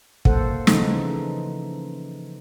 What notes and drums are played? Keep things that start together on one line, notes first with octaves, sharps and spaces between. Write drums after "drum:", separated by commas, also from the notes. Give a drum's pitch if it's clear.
A#3 A4 C5 F#5, drum: kick
C#3 E3 F3 D#4 A4, drum: snare